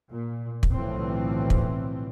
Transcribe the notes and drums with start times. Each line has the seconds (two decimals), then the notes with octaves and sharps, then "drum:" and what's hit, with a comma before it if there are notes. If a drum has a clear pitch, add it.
0.10 A#2
0.63 drum: kick
0.73 B1 A2 D3 E3 F3 C4
1.50 drum: kick